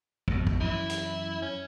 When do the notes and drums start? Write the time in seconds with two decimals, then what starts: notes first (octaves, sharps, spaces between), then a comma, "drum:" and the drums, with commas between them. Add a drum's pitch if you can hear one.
0.28 F2 B2, drum: kick
0.47 drum: kick
0.60 F#2 E3 E4
0.90 drum: hi-hat
1.42 C#4